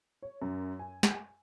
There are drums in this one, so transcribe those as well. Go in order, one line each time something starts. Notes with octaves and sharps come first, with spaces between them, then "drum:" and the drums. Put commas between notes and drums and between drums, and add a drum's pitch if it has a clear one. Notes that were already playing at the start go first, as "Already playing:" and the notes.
C#5
F#2
G#5
drum: snare